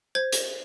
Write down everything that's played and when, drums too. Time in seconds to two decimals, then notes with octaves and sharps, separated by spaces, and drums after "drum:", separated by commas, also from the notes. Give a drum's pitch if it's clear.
0.15 C5 G#6
0.32 drum: hi-hat